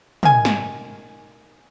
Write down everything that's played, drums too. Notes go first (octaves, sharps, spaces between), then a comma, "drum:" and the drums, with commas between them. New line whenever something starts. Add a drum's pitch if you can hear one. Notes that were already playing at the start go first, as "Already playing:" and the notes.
D#3 G#5, drum: tom
drum: snare